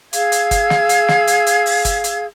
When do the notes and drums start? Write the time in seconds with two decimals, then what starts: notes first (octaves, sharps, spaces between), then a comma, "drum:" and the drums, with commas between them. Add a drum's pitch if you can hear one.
0.13 G#4 F5 E6 G#6, drum: hi-hat
0.32 drum: hi-hat
0.51 drum: kick, hi-hat
0.70 drum: snare
0.89 drum: hi-hat
1.08 drum: snare
1.28 drum: hi-hat
1.47 drum: hi-hat
1.66 drum: open hi-hat
1.85 drum: kick, hi-hat
2.04 drum: hi-hat